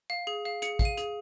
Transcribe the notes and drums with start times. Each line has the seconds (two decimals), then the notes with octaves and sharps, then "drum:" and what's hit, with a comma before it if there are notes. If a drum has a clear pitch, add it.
0.10 F5
0.27 G#4
0.45 F5
0.62 G#4 C#7, drum: hi-hat
0.79 F5, drum: kick, hi-hat
0.85 D#7
0.97 G#4, drum: hi-hat